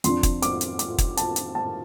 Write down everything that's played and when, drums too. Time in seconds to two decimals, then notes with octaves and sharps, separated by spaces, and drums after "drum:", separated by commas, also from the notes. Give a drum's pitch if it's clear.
0.04 F2 F3 D4 C6, drum: hi-hat
0.23 drum: kick, hi-hat
0.42 D6, drum: hi-hat
0.61 drum: hi-hat
0.79 D6, drum: hi-hat
0.98 drum: kick, hi-hat
1.17 A5, drum: hi-hat
1.36 drum: hi-hat
1.55 A5